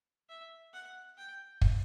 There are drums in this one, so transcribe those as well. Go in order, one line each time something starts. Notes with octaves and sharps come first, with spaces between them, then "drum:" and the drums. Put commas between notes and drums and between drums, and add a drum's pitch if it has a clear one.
E5
F#5
G5
drum: kick